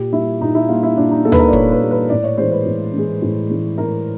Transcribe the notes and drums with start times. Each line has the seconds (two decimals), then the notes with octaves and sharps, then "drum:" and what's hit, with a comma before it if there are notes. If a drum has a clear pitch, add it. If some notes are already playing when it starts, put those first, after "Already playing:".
Already playing: A#2 G4
0.13 G3 A#3 E4
0.41 A#2 D#4
0.55 E4
0.69 G3 A#3 F4
0.83 E4
0.97 A#2 D4
1.11 D#4
1.25 G3 A#3 A4
1.32 B4, drum: tom D2
1.39 A#4
1.48 D5
1.53 A#2 C#5, drum: kick
1.72 B4
1.81 G3 A#3
1.91 B4
2.10 A2 D5
2.23 C#5
2.38 E3 G#3 C5
2.51 B4
2.65 A2
2.94 E3 G#3
3.22 A2
3.50 E3 G#3
3.78 A2 A#4